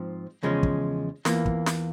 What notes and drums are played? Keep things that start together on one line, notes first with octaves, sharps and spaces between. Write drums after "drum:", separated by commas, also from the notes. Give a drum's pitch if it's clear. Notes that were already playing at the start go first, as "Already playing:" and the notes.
Already playing: G#2 F3 C4
E2 C#3 F3 G#3 C#4
drum: kick
E2 E3 A#3 F4, drum: snare
drum: kick
drum: snare